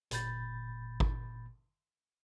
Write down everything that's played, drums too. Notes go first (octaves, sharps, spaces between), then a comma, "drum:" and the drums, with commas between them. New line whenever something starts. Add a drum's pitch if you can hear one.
G1 A#2 B5 G6 A6, drum: hi-hat
drum: kick